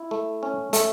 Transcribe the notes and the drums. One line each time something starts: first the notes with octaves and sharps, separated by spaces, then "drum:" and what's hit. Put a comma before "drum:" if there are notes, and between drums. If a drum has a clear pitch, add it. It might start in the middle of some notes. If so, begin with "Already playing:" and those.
Already playing: E4
A3
C#4
A3, drum: hi-hat